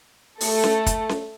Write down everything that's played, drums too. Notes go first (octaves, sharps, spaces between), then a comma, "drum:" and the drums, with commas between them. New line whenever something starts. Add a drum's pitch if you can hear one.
A3 A4, drum: open hi-hat
drum: snare C#4
drum: kick, hi-hat
drum: snare C#4